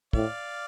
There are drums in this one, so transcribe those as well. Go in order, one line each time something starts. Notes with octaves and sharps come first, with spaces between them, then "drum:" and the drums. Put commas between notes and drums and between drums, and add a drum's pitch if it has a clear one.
A2 D5 F5, drum: kick